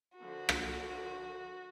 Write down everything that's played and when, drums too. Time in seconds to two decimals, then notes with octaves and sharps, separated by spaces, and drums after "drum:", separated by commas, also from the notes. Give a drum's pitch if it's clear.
0.17 D3 F3 F#4 A#4
0.49 drum: rim click